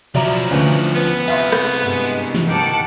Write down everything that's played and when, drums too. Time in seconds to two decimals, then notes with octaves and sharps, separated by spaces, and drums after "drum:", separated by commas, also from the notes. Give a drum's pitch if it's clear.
0.15 F3 F#3 E4 D5 E5 A#5, drum: tom B2
0.50 D2 C#3 E3
0.95 B3
1.28 C2 F2 E5 F5 C6, drum: cymbal
1.52 drum: rim click
1.80 G2 G#3
2.35 drum: snare
2.48 D#3 F#5 A5 D6